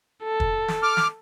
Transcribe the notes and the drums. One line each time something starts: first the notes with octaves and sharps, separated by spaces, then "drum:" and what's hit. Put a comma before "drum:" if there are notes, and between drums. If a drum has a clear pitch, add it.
A4
drum: kick
drum: snare
D6 F6
drum: snare